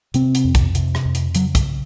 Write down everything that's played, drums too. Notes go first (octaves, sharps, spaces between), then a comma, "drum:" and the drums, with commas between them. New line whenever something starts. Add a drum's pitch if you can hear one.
C3 C4, drum: hi-hat
drum: hi-hat
F2
drum: kick, hi-hat
C3, drum: hi-hat
drum: rim click
F2
drum: hi-hat
C#3 F#3, drum: hi-hat
drum: kick, hi-hat